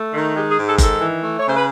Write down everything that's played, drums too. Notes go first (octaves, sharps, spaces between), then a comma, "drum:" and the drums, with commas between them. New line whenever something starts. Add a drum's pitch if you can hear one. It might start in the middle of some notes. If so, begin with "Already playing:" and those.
Already playing: A3
D#3
G#3 G4
G#4
G#2
A4
D#3, drum: kick F#1, hi-hat
A4
E3
A3
C#5
C#3 C5
B4